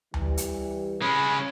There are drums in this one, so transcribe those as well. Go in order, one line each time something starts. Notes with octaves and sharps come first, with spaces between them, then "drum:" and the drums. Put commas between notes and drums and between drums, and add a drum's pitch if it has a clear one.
E3 G3, drum: tom D2
drum: hi-hat
G#3 C#4 B5